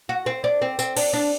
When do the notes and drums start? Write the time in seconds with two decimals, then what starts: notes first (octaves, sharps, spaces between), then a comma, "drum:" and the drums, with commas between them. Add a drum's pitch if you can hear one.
0.09 F#4
0.26 C4
0.44 D4
0.62 C4
0.79 C4, drum: tambourine
0.97 D4, drum: cymbal
1.13 D4